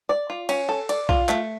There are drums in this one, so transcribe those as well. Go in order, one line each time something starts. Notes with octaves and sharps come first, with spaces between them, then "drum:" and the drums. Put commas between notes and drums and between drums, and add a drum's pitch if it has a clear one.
D5
F4
C#4, drum: cymbal
A4
D5, drum: cymbal
F4, drum: kick B1
A3, drum: clap